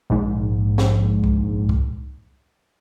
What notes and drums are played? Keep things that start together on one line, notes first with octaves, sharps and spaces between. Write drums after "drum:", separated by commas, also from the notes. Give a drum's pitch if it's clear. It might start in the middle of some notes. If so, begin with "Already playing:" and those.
A#1 G#2
drum: snare
drum: kick C2
drum: kick C2